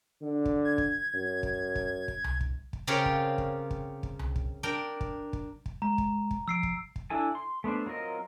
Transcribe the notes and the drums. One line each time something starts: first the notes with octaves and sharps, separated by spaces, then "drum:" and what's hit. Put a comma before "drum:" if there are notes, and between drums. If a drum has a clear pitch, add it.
D3
drum: kick
G#6
drum: kick
F#2
drum: kick
drum: kick
drum: kick
drum: tom C2
drum: kick
drum: kick
C#3 C4 F4 G4 A#4 C#5
drum: kick
drum: kick
drum: kick
drum: kick
drum: tom C2
drum: kick
D4 A#4 G5
drum: kick
drum: kick
drum: kick
G#3 A#5
drum: kick
drum: kick
F3 E6 C7 D7
drum: kick
drum: kick
D4 E4 A4 G#5
C6
A3 B3 D4 C5
F#3 C4 F4 A#4 D#5